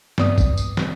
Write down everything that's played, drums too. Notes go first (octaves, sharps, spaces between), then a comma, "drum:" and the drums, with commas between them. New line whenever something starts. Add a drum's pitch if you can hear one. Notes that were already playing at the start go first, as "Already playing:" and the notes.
G2 B3 D5 D#6, drum: snare
drum: kick, tambourine
drum: tambourine
drum: snare